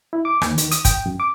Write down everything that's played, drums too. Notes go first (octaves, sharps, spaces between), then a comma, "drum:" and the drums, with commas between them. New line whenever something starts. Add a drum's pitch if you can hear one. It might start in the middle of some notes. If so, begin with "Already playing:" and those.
E4
D6
D#2, drum: rim click
D#3, drum: hi-hat
D#6, drum: hi-hat
G5, drum: kick, hi-hat
F#2
D6